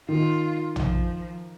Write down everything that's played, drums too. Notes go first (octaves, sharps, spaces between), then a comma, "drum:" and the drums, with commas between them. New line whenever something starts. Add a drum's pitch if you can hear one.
D#3 F4
F3, drum: tom